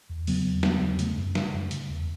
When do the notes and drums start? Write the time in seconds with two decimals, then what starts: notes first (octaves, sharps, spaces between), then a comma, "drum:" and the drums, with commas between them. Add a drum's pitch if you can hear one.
0.09 E2
0.27 C#3 F#3 B3, drum: open hi-hat
0.45 E2
0.63 C#3 F#3 B3, drum: snare
0.82 E2
0.99 C#3 A3 C#4, drum: hi-hat
1.17 F#2
1.35 C#3, drum: snare
1.54 F#2
1.71 C#3, drum: hi-hat
1.90 E2